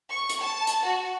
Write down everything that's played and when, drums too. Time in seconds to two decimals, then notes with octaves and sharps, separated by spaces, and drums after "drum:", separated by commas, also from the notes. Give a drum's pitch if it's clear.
0.11 C#6
0.29 drum: hi-hat
0.40 A5
0.67 drum: hi-hat
0.85 F#4